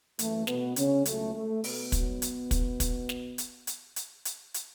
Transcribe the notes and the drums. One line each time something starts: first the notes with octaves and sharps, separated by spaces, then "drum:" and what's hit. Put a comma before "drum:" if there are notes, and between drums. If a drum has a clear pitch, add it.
F#2 E3 A3, drum: hi-hat
B2 B3, drum: snare
C#3 C#4, drum: hi-hat
C#2 B2 F#3 A3, drum: hi-hat
A3
B2 B3, drum: open hi-hat
G#2 F#3, drum: kick, hi-hat
drum: hi-hat
drum: kick, hi-hat
drum: kick, hi-hat
drum: snare
drum: hi-hat
drum: hi-hat
drum: hi-hat
drum: hi-hat
drum: hi-hat